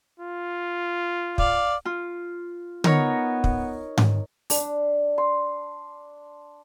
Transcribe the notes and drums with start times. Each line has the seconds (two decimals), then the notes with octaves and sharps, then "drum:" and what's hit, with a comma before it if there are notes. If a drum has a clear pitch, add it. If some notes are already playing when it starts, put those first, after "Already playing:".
0.20 F4
1.38 D5 F5, drum: kick
1.85 F4
2.84 B3 D#4 A#4 C#5, drum: tom D3
3.44 drum: kick
3.98 drum: tom G#2
4.50 D4, drum: open hi-hat
5.18 C6